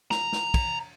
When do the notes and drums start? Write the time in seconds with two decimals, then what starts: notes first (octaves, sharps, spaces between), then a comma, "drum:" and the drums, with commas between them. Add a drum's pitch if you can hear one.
0.11 A#5, drum: snare
0.32 drum: snare
0.54 drum: kick, cymbal